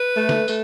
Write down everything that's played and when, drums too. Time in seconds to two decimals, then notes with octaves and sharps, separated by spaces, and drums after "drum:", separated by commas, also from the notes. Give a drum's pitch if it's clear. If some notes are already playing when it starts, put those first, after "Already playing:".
Already playing: B4
0.16 A3
0.29 drum: snare
0.48 A3, drum: tambourine